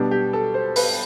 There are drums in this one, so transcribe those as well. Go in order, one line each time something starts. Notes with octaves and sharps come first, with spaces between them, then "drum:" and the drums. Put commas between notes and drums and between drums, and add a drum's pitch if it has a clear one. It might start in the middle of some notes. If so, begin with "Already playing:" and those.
Already playing: B2 G3 B3 D4 G4
G4
A4
C5
B4, drum: open hi-hat